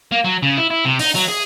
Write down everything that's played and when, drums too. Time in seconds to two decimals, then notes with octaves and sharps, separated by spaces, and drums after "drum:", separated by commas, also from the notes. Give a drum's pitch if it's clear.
0.12 A#3
0.24 F#3
0.43 C#3
0.57 E4
0.70 E4
0.85 C3
0.99 D#4, drum: open hi-hat
1.15 F#3
1.28 G#4